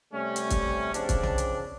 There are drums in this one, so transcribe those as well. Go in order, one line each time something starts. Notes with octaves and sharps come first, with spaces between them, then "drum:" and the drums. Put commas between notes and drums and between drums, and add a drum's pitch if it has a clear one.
C3 G3 A3 C#4
drum: hi-hat
drum: kick, hi-hat
C#3 F3 C4 D4, drum: hi-hat
drum: kick, hi-hat
drum: tom B1
drum: hi-hat